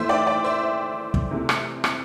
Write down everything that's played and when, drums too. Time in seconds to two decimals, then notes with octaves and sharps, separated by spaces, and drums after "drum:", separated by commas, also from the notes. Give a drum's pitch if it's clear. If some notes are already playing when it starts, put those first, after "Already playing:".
Already playing: A2 E3 A3 C5 E5
0.09 D5 G5
0.27 D5 G5
0.44 C5 E5
1.14 drum: kick
1.31 C3 E3 A3
1.49 drum: rim click
1.84 drum: rim click